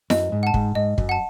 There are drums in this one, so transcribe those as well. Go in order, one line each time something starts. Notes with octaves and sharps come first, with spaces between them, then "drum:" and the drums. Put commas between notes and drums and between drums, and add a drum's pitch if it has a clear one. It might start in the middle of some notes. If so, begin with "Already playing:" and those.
F#2 D#5, drum: snare E4
G#2
F#5 A5
G#2, drum: kick
G#2 D#5
F#2, drum: kick
F#5 A5